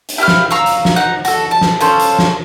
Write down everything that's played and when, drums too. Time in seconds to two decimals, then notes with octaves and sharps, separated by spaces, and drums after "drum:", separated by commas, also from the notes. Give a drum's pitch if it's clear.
0.09 drum: hi-hat
0.18 E4 G4 F5 F6
0.28 drum: snare
0.51 F5 A#5 C#6 E6
0.66 drum: hi-hat
0.85 drum: snare
0.96 D#4 F#5
1.25 F#4 A4, drum: hi-hat
1.51 A5
1.61 drum: snare
1.80 C#4 F4 A4 C5, drum: hi-hat
2.00 drum: hi-hat
2.19 drum: snare